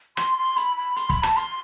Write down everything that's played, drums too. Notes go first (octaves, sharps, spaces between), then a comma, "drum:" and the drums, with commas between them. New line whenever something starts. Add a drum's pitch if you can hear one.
C6, drum: rim click
C6
B5, drum: hi-hat
B5
C6, drum: hi-hat
B5, drum: kick, hi-hat
A5, drum: rim click
C6, drum: hi-hat